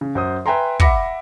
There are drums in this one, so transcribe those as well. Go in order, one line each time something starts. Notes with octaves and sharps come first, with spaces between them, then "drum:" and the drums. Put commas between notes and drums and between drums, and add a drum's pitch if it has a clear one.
C#3
F#2 C5 D#6
B4 E5 G5 G#5 A#5 C6
E5 F#5 B5 D6 A#6 C#7, drum: kick